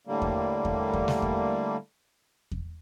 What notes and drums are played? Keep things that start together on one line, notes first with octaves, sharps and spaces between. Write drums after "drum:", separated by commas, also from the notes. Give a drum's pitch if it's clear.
A2 D3 G3 A#3
drum: kick E2
drum: kick E2
drum: kick E2
drum: snare
drum: kick E2
drum: kick E2